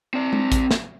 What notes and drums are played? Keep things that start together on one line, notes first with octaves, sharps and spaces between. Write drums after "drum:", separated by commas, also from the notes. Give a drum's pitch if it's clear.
C4 D5
drum: tom G#3
drum: kick A1, hi-hat
drum: snare